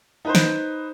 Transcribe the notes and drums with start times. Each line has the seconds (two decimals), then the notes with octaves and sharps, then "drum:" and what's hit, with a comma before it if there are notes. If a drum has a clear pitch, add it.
0.25 D#4 B4 C5
0.35 drum: snare